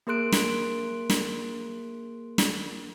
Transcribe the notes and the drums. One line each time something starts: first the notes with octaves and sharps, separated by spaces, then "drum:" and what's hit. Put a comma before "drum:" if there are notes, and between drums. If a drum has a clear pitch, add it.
A#3 G#4 A#4 C6 F#6 D7
drum: snare
drum: snare
drum: snare